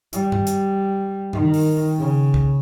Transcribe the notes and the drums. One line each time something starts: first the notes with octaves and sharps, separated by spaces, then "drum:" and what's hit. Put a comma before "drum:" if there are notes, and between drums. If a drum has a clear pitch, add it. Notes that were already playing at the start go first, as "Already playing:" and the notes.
G3, drum: hi-hat
drum: tom G2
drum: hi-hat
D#3, drum: tom G2
drum: open hi-hat
C#3
drum: kick